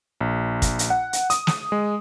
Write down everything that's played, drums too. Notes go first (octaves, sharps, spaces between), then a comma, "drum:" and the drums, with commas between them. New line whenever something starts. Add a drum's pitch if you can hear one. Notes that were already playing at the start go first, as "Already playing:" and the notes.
A#1
drum: kick, hi-hat
drum: hi-hat
F#5
drum: hi-hat
D#6, drum: hi-hat
drum: snare
G#3